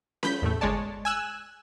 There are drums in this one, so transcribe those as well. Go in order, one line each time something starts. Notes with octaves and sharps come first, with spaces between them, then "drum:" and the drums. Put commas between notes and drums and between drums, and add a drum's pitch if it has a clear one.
B5 G6 B6, drum: snare C#4
E2 A2 A3
G1 G#3 C#5 D5 A5
G#5 E6 F#6